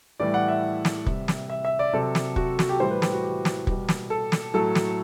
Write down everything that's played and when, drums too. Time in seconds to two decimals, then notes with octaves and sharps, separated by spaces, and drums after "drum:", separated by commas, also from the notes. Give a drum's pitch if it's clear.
0.20 A2 E3 G3 D5
0.34 F#5
0.48 E5
0.85 drum: snare
1.06 C3 E3 G3, drum: kick
1.28 drum: snare
1.50 E5
1.65 E5
1.79 D5
1.94 C3 F#3 A4
2.15 drum: snare
2.36 F#4, drum: kick
2.59 F#4, drum: snare
2.69 G4
2.80 A2 E3 G3 C5
2.91 B4
3.02 G4, drum: snare
3.13 F#4
3.23 G4
3.45 drum: snare
3.67 B2 G3, drum: kick
3.89 drum: snare
4.10 A4
4.32 drum: snare
4.54 A2 F#3 A4
4.75 drum: snare